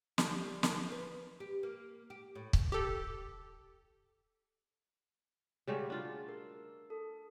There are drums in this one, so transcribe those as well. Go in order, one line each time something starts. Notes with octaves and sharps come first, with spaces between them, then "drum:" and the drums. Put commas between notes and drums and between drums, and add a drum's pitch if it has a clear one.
G3, drum: snare
A#3, drum: snare
B4
G4
A#3
G4
A2
drum: kick
G4 A4
C#3 G3 A3 F#4 G#4
D4 F4
A#4
A4